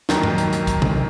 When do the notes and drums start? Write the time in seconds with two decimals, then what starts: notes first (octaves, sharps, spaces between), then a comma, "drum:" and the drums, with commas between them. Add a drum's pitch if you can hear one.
0.09 D#2 D#3 F#3 G5 A#5, drum: snare
0.23 drum: tom G2
0.38 drum: hi-hat
0.53 drum: hi-hat
0.67 drum: kick, hi-hat
0.82 drum: tom C3